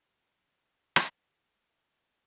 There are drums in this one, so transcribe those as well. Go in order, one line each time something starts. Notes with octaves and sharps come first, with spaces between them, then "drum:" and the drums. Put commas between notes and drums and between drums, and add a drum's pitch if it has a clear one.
A#3 C#5 D5 F5
drum: rim click